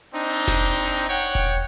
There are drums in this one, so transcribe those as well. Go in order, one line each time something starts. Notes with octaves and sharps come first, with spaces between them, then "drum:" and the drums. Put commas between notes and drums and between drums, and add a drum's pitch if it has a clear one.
C4 D4 D#4
drum: snare F1
C#5 F#5 G5
drum: kick E1